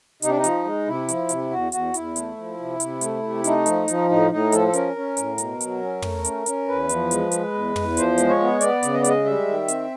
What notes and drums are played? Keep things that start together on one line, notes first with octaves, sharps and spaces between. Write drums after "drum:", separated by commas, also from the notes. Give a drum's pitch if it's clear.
C3 D#4, drum: hi-hat
D4
D#4
F3, drum: hi-hat
G#3
C3 E4
F3, drum: hi-hat
C3, drum: hi-hat
E2 F#4
E2 F#4, drum: hi-hat
E2 E4, drum: hi-hat
A3, drum: hi-hat
F3
C3
C3, drum: hi-hat
A3, drum: hi-hat
C3
A3 D#4, drum: hi-hat
F3, drum: hi-hat
F3, drum: hi-hat
A2 D#4
A2 D#4
F3 A4, drum: hi-hat
A4
C#4 A#4, drum: hi-hat
C#4
A2, drum: hi-hat
B2, drum: hi-hat
F#3, drum: hi-hat
C#4
A3, drum: tom
C#4, drum: hi-hat
C#4, drum: hi-hat
E2 B4
F3, drum: hi-hat
G#3, drum: hi-hat
G#3, drum: hi-hat
E2
E2, drum: tom
F3 C5, drum: hi-hat
G#3, drum: hi-hat
C#5
B3
B3 D5, drum: hi-hat
C#3, drum: hi-hat
D#5
D5
G#3 D#5, drum: hi-hat
G3 E5
D#3
C4, drum: hi-hat